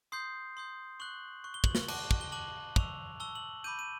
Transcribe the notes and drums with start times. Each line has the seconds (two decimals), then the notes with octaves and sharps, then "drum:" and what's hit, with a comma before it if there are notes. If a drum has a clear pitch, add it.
0.12 C6 D#6 G6 C7
0.57 C6 D#6 G6
1.00 C#6 F#6 F#7
1.44 C#6 F#6
1.54 G7
1.64 F#7, drum: kick
1.75 G7, drum: snare
1.88 A5 D6 F#6, drum: cymbal
2.11 drum: kick
2.21 G7
2.32 A5 D6 F#6 F#7
2.76 A5 C#6 E6 F7, drum: kick
3.20 A5 C#6 E6 G7
3.35 F#7
3.64 B5 D6 G6 D#7
3.79 D#7